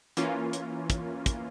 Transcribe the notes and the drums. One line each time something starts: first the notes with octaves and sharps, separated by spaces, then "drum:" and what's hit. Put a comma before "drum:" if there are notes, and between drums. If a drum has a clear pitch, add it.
E3 A#3 C#4 F4, drum: hi-hat
drum: hi-hat
drum: kick, hi-hat
drum: kick, hi-hat